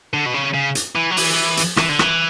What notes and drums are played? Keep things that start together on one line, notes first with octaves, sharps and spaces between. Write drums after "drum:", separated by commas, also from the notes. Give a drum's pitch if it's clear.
D3
B2
C#3
C#3
drum: hi-hat
E3
F#3
E3, drum: open hi-hat
drum: hi-hat
E3, drum: rim click
D3
E3, drum: rim click